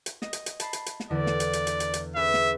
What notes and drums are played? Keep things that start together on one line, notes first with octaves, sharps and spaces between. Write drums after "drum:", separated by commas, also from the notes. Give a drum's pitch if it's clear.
drum: hi-hat
D#5, drum: snare
drum: hi-hat
drum: hi-hat
A5 B5 C7, drum: hi-hat
drum: hi-hat
drum: hi-hat
drum: snare
E2 D3 D5
drum: snare
drum: hi-hat
drum: hi-hat
drum: hi-hat
drum: hi-hat
drum: hi-hat
C#4 G#4 B4 E5
drum: snare